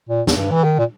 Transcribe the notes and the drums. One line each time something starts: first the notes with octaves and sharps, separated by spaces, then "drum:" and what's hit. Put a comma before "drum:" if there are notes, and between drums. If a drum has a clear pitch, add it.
A#2
E2, drum: snare
G2
E3
D#3
A#2